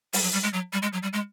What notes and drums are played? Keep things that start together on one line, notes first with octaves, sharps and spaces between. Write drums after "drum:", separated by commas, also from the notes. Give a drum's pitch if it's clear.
G3, drum: open hi-hat
F#3
G3
G#3
F#3
G3
G#3
F#3
G3
G#3